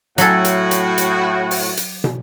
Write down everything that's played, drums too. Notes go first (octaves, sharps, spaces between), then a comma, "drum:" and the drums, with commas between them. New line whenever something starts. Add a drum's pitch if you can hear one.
A2 F#3 F#4 A4, drum: hi-hat
drum: hi-hat
drum: hi-hat
drum: hi-hat
drum: open hi-hat
drum: hi-hat
drum: tom